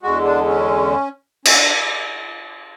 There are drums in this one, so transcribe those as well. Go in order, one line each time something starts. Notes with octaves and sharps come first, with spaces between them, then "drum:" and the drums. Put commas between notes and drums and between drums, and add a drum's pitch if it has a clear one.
E2 D3 G#3 F#4
D4
C#4
C#4, drum: cymbal
D4